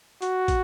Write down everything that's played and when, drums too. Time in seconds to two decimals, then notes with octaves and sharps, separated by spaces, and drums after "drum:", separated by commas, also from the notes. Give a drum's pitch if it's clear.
0.22 F#4, drum: hi-hat
0.48 drum: kick, hi-hat